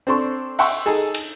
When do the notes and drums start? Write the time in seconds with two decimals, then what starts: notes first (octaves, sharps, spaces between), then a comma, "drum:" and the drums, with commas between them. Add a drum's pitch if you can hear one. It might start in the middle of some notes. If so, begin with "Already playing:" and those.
0.07 C4 D4 A4 C6 C#6
0.59 E5 F#5 G5 C6 C#6 E6, drum: open hi-hat
0.86 D#4 G#4 A4
1.15 drum: cymbal